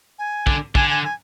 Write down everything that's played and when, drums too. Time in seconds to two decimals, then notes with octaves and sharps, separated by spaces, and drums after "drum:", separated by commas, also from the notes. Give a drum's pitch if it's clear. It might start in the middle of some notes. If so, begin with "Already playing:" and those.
0.18 G#5
0.47 D3, drum: kick
0.75 D3 G#5, drum: kick
0.89 G#5
1.04 G#5